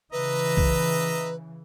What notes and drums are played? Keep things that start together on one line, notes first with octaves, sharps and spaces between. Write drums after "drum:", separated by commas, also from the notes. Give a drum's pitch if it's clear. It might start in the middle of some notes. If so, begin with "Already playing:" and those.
C#3 E3 B4 D#5 E5 A#5
drum: kick B1